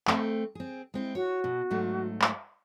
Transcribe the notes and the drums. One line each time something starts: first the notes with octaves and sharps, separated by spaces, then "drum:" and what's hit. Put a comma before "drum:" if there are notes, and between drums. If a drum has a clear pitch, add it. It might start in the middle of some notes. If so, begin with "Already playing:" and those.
A3 C4, drum: clap
C4 G#4
G#3 C4 E4
F#4 C#5
B2
G#2 F#3 A3
drum: clap